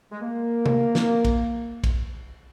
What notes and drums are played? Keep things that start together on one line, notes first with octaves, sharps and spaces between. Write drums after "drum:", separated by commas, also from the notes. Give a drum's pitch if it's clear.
G#3
A#3
drum: tom C3
drum: snare
drum: kick, cymbal
drum: kick, cymbal